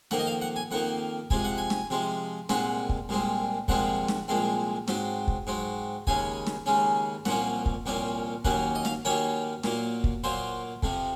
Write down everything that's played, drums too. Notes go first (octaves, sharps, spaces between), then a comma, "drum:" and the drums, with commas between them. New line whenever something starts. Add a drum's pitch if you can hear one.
F2 D#3 A#3 F#5, drum: snare
D#5
F5
F#5
G#5
F2 D#3 A#3 F#5
C3 F3 G#3 G#5, drum: kick
F#5
G#5
drum: snare
C3 F3 G#3
C2 A#2 G#3 C4 F#5, drum: snare
drum: kick
C2 A#2 G#3 C4
C2 A#2 F3 G#3 C4 F#5, drum: kick
drum: snare
C2 A#2 F3 G#3 C4
G#2 F#3 C4, drum: snare
drum: kick
G#2 F#3 C4
D#2 C#3 G#3 C#4 G#5, drum: kick
drum: snare
D#2 C#3 G#3 C#4
C2 A#2 F3 A#3 C#4 F#5, drum: snare
drum: kick
C2 A#2 F3 A#3 C#4
D#2 D#3 F#3 A#3 C#4 F#5, drum: kick
D#5
F5, drum: snare
D#2 D#3 F#3 A#3 C#4 C#5
A#2 F#3 A#3, drum: snare
drum: kick
A#2 F#3 A#3 C5
F2 C3 F3, drum: kick